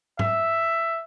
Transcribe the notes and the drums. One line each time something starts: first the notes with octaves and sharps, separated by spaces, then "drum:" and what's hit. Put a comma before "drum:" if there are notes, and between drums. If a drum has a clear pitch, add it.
E5, drum: tom G#2